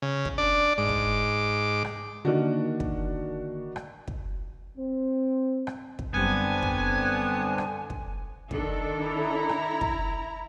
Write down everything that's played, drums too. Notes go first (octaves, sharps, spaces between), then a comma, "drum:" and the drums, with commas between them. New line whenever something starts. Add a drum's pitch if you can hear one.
C#3
drum: kick
D4 D5
G#2 D6
drum: kick
drum: rim click
D3 D#3 A#3 D4 F#4
drum: kick
drum: rim click
drum: kick
C4
drum: rim click
drum: kick
F#2 D3 G3 B3 C4 D4 G#5
drum: kick
drum: rim click
drum: kick
D#3 D4 A4, drum: kick
E4 A#5
drum: rim click
drum: kick